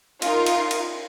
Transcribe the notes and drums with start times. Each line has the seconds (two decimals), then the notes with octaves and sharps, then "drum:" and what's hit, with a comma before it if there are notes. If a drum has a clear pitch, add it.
0.22 D#4 F4 A#4, drum: cymbal
0.46 drum: cymbal
0.71 drum: cymbal